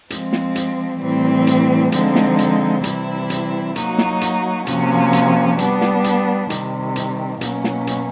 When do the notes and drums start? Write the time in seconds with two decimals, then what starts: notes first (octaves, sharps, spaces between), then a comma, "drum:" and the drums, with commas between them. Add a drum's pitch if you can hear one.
0.10 F3 G#3 C4, drum: hi-hat
0.33 drum: snare
0.56 drum: hi-hat
1.01 A2 E3 G3 C4
1.47 drum: hi-hat
1.92 D3 F3 G#3 C4 D#4, drum: hi-hat
2.16 drum: snare
2.38 drum: hi-hat
2.84 C3 E3 G3 C4 E4, drum: hi-hat
3.30 drum: hi-hat
3.76 F#3 A#3 D#4 F#4, drum: hi-hat
3.98 drum: snare
4.21 drum: hi-hat
4.67 C3 F3 A#3 C#4 F#4, drum: hi-hat
5.13 drum: hi-hat
5.58 G3 B3 D4, drum: hi-hat
5.81 drum: snare
6.04 drum: hi-hat
6.50 C3 D#3 G3, drum: hi-hat
6.96 drum: hi-hat
7.41 B2 F#3 A#3 C#4, drum: hi-hat
7.64 drum: snare
7.87 drum: hi-hat